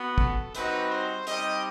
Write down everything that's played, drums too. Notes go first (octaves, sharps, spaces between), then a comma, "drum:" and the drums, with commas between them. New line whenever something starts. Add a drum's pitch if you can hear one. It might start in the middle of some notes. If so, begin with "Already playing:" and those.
Already playing: B3 F#4
A4, drum: kick
G3 C4 D#4 F#4 B4, drum: hi-hat
C5
G3 C4 D#4 G4 D#5, drum: hi-hat